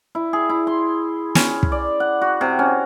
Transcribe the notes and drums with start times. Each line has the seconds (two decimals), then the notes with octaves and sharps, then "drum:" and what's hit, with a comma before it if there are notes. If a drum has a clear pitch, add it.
0.15 E4
0.33 G#4
0.49 E4
0.67 C6
1.35 C#4, drum: snare
1.63 drum: kick
1.72 D5
2.00 F#5
2.21 F#4
2.41 C3
2.59 C#4